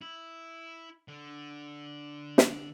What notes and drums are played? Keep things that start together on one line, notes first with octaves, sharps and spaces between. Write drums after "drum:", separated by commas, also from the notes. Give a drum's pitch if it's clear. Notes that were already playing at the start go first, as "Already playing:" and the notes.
E4
D3
drum: snare